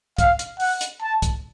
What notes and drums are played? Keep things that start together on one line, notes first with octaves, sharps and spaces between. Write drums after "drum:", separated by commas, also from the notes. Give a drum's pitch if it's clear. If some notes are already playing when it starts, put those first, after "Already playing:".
F5, drum: kick, hi-hat
drum: hi-hat
F#5, drum: open hi-hat
drum: hi-hat
A5
drum: kick, hi-hat